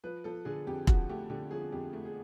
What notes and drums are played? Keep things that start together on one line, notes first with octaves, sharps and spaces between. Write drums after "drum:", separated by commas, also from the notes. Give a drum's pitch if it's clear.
F3 B4
F3 A4
D3 G#4
F2 G4
F3 F#4, drum: kick
A3 G4
D3 G4
F3 G#4
F2 G4
A3
G#4